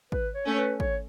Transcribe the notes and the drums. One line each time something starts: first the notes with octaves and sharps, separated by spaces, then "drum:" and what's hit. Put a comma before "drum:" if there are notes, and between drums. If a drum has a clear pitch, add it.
B4, drum: kick
C#5
A3 C#4
B4
C#5, drum: kick